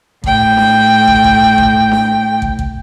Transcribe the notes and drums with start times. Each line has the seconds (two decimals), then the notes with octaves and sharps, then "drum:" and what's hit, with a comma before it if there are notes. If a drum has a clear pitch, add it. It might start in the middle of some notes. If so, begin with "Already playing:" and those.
0.24 A2 G5, drum: kick
0.57 drum: snare D4
1.08 drum: kick
1.24 drum: kick
1.58 drum: kick
1.92 drum: snare D4
2.42 drum: kick
2.59 drum: kick